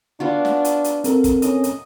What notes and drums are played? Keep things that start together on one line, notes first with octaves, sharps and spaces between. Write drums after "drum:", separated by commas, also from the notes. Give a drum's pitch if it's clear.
B3 D4 F4 F#4
drum: snare
drum: hi-hat
drum: hi-hat
C4 A4 A#4, drum: hi-hat
drum: kick, hi-hat
C#4 D#5, drum: hi-hat
drum: hi-hat